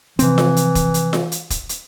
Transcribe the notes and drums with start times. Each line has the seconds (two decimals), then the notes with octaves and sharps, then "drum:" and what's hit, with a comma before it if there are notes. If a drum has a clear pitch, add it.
0.19 C3 E3 F3 C4, drum: hi-hat
0.38 drum: snare F4
0.56 drum: hi-hat
0.75 drum: kick E1, hi-hat
0.94 drum: hi-hat
1.13 drum: snare F4
1.32 drum: hi-hat
1.50 drum: kick E1, hi-hat
1.69 drum: hi-hat